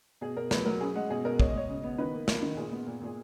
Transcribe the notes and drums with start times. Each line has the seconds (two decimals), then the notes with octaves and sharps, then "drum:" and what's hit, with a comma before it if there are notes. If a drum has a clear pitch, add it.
0.21 B2 G#4
0.37 B2 A#4
0.51 F#3 B4, drum: snare
0.65 F#3 A#4
0.81 C#4 G#4
0.95 G#3 F#5
1.10 B2 G#4
1.25 B2 A#4
1.40 G#3 C#5, drum: kick
1.49 D#5
1.54 G#3 C#5
1.69 C#3
1.84 B3
1.98 D#3 B4
2.13 A#3
2.28 A#3, drum: snare
2.42 D#3
2.57 A#2 G#4
2.72 B3
2.87 A#2
3.01 A#2 G#4